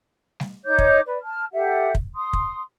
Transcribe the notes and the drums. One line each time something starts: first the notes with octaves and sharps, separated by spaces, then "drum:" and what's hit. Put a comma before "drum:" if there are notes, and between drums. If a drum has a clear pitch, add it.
drum: snare
D#4 C#5 D6 G6
drum: kick
B4 D5
A5 F6
G4 A4 E5 F#5
drum: kick
C6 D#6
drum: kick